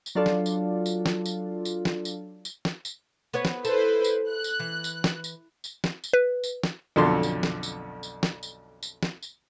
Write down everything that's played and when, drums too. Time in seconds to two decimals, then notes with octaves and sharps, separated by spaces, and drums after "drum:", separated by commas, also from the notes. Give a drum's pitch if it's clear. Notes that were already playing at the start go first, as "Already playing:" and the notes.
0.06 drum: tambourine
0.15 F#3 D4 F4 A4 D5
0.26 drum: snare
0.46 drum: tambourine
0.86 drum: tambourine
1.06 drum: snare
1.26 drum: tambourine
1.65 drum: tambourine
1.85 drum: snare
2.05 drum: tambourine
2.45 drum: tambourine
2.65 drum: snare
2.85 drum: tambourine
3.33 B3 B4 C#5
3.45 drum: snare
3.65 E4 A4 B4 C5, drum: tambourine
4.04 drum: tambourine
4.30 F#6
4.44 drum: tambourine
4.60 E3
4.84 drum: tambourine
5.04 drum: snare
5.24 drum: tambourine
5.64 drum: tambourine
5.84 drum: snare
6.04 drum: tambourine
6.13 B4
6.44 drum: tambourine
6.63 drum: snare
6.96 B1 F2 D3 A5 C6
7.23 drum: tambourine
7.43 drum: snare
7.63 drum: tambourine
8.03 drum: tambourine
8.23 drum: snare
8.43 drum: tambourine
8.83 drum: tambourine
9.03 drum: snare
9.22 drum: tambourine